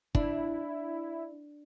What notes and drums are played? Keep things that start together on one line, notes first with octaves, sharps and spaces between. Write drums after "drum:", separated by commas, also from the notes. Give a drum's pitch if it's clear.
D4 E4, drum: kick